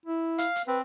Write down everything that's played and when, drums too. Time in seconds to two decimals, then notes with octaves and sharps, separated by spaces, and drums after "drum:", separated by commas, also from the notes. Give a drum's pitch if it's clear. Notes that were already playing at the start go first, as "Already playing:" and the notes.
0.05 E4
0.38 F5, drum: hi-hat
0.56 drum: hi-hat
0.68 C4 B4